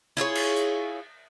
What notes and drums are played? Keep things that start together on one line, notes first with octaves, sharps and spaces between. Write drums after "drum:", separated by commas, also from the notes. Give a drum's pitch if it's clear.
E4 F4 G#4 C#5
drum: cymbal
drum: hi-hat